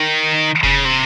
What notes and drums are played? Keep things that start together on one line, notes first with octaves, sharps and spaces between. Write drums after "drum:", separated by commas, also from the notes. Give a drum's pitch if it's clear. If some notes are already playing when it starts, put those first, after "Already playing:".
Already playing: D#3
C#3, drum: kick F1
C3